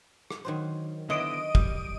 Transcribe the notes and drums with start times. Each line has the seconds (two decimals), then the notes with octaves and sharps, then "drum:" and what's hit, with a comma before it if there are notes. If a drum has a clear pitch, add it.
0.31 drum: rim click
0.45 D#3 F#3 C5
1.10 D3 B3 E4 C#5 D#5 D#6 D7
1.55 G3, drum: kick